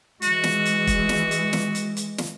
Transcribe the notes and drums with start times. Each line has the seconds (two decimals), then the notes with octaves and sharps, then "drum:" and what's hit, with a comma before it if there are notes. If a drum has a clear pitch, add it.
0.22 E3 G#3 F#4, drum: hi-hat
0.44 drum: snare
0.66 drum: hi-hat
0.87 drum: kick, hi-hat
1.09 drum: snare
1.31 drum: hi-hat
1.53 drum: snare
1.75 drum: hi-hat
1.97 drum: hi-hat
2.18 drum: snare